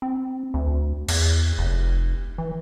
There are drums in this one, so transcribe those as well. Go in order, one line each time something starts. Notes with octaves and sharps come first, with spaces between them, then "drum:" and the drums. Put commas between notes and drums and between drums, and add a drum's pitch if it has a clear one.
C4
D2
E2, drum: cymbal
F1
E3